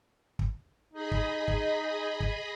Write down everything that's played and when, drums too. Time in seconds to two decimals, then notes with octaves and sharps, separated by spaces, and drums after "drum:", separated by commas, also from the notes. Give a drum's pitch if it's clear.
0.39 drum: kick
0.93 D#4 G#4 D#5 B5
1.12 drum: kick
1.48 drum: kick
2.20 drum: kick